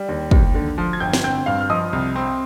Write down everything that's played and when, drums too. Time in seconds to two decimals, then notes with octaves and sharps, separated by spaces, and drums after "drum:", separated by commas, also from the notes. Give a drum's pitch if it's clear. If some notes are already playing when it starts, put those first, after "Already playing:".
Already playing: G3
0.09 D#2
0.31 D#2, drum: kick
0.54 D3
0.78 F3
0.93 G#6
1.00 G1 G5 G6
1.13 drum: snare
1.24 C4 G5 G6
1.46 G2 F5 F6
1.61 F6
1.70 F3 D#5 D#6
1.93 C2
2.16 C4